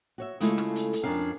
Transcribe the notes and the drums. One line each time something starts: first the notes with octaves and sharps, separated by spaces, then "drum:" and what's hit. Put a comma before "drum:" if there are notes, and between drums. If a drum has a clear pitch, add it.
F#4 C#5 E5
C#3 G#3 A3 E4 F4 A4, drum: hi-hat
drum: rim click
drum: hi-hat
drum: hi-hat
F2 C#4 D4 A#4 F5